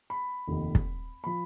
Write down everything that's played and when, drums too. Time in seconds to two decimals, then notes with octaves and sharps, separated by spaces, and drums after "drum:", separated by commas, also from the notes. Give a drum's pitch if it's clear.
0.10 B5
0.47 F1 D#2 D#3
0.75 drum: kick
1.24 F3 B5